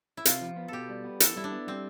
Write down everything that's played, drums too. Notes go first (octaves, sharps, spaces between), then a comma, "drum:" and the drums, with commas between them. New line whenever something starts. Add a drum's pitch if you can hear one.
E4
C3 F4, drum: hi-hat
F3
B3
B2 G4 A4
G3
B3
E3 A4, drum: hi-hat
G3 E4
D4
B3
G3 C4